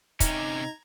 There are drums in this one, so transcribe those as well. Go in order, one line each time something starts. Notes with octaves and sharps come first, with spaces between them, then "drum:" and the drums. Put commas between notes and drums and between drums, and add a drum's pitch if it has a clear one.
C3 C#4 D#4 A#5 G#6, drum: kick, hi-hat